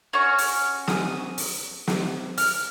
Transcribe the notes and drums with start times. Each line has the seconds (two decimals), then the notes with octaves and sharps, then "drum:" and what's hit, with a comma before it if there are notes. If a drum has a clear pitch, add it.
0.13 C#4 F#4 C#6
0.39 drum: open hi-hat
0.88 D#6, drum: snare
1.38 drum: open hi-hat
1.87 drum: snare
2.38 F6, drum: open hi-hat